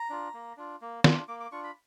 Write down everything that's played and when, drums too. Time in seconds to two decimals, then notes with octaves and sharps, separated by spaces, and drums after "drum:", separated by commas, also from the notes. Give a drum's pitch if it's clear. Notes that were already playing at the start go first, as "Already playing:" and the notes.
Already playing: A#5
0.10 D4 F4
0.34 A#3
0.57 D4 F4
0.81 A#3
1.04 D4 F4, drum: snare
1.28 A#3 D6
1.40 D6
1.52 D4 F4 C#6
1.64 B5